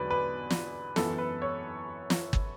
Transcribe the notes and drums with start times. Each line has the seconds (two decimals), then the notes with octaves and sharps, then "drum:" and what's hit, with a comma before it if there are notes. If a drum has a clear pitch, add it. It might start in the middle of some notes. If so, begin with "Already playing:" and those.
Already playing: E2 D3 F#3 B4 D5
0.11 B4
0.50 drum: snare
0.96 F#2 E3 B3 A4, drum: snare
1.18 B4
1.42 C#5
2.10 drum: snare
2.33 drum: kick G1